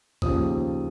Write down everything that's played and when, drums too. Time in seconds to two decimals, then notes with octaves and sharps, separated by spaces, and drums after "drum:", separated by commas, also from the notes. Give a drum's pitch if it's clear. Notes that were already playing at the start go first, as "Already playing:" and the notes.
0.22 D#2 C#3 F3 D#6, drum: kick